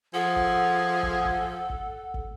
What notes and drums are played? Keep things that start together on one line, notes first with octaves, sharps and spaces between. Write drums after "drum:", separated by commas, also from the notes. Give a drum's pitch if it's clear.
F3 G#4 A4 F#5
drum: kick
drum: kick
drum: kick
drum: kick
drum: kick